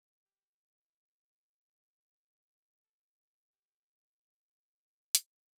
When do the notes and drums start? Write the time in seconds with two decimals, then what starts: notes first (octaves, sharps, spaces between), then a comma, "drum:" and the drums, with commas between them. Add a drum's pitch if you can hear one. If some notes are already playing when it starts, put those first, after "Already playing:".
0.25 G4
0.79 E4
1.07 C4
1.34 D4
1.88 C4
2.15 C4
2.43 D4
2.56 E4
2.83 A4
2.97 C5
3.25 A4
3.52 G4
4.06 E4
4.33 D4
4.60 C4
4.74 D4
4.87 C4
5.01 D4
5.15 C4, drum: hi-hat
5.42 D4